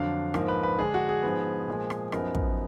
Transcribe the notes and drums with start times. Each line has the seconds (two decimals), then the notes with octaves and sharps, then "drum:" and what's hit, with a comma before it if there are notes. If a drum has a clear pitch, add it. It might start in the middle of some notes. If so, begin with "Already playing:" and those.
Already playing: F2 D3 F#3 D4 F5
0.34 G#2 F3 A#3, drum: rim click
0.48 B4
0.63 B4
0.79 D3 G#3 D4 G#4
0.94 F#4
1.09 G#4
1.23 G#2 F3 B3
1.68 A#2 F3 G#3
1.90 drum: rim click
2.12 F#2 F3 B3 D#4 A#4, drum: rim click
2.35 drum: kick